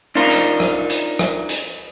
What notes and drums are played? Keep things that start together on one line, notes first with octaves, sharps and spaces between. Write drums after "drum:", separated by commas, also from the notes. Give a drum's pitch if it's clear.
D4 D#4 F4 A#4
drum: hi-hat
drum: rim click
drum: hi-hat
drum: rim click
drum: hi-hat